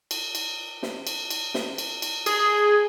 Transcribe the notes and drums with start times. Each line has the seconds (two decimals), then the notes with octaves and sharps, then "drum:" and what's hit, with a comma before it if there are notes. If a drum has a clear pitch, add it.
0.11 drum: cymbal
0.35 drum: cymbal
0.83 drum: snare
1.07 drum: cymbal
1.31 drum: cymbal
1.54 drum: snare
1.78 drum: cymbal
2.02 drum: cymbal
2.26 G#4, drum: cymbal